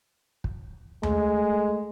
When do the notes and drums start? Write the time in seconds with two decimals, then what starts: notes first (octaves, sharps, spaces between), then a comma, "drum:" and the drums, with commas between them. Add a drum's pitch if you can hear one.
0.44 drum: kick
1.03 G#3 A3, drum: tom D#2